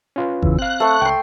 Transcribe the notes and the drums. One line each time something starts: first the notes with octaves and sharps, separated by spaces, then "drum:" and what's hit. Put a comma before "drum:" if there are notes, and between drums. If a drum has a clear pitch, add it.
C#4 F4 B4
E2 C#3 E3, drum: kick G1
C4 F5 F#6
A3 C5 C#6
C#2 G5 C6 C#6